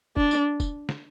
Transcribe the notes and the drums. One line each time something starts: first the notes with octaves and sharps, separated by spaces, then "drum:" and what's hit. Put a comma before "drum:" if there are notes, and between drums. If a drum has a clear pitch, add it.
D4, drum: kick
drum: tambourine
drum: kick, tambourine
drum: snare